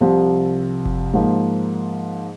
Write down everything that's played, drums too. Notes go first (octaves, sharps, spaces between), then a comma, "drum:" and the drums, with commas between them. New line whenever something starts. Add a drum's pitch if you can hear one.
C2 C3 F3
drum: kick F#1
G#2 F3 A#3